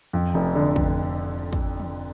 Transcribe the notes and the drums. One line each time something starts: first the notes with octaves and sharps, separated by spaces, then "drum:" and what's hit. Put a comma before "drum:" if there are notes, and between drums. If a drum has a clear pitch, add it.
F2
F1
D3
F1, drum: kick
drum: kick
drum: tom